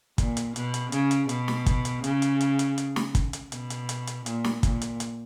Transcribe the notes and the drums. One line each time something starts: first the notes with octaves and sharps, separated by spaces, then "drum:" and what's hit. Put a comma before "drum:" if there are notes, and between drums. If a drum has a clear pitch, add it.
A#2, drum: kick, hi-hat
drum: hi-hat
B2, drum: hi-hat
drum: hi-hat
C#3, drum: hi-hat
drum: hi-hat
B2, drum: hi-hat
drum: snare
drum: kick, hi-hat
drum: hi-hat
C#3, drum: hi-hat
drum: hi-hat
drum: hi-hat
drum: hi-hat
drum: hi-hat
drum: snare
drum: kick, hi-hat
drum: hi-hat
B2, drum: hi-hat
drum: hi-hat
drum: hi-hat
drum: hi-hat
A#2, drum: hi-hat
drum: snare
A#2, drum: kick, hi-hat
drum: hi-hat
drum: hi-hat